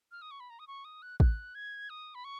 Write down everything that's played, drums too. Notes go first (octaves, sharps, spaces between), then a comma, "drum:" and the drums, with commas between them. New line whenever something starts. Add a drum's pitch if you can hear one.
F6
D#6
C#6
B5
A#5
D#6
C#6
D#6
F#6
F#6, drum: kick A1
G#6
D#6
B5
C#6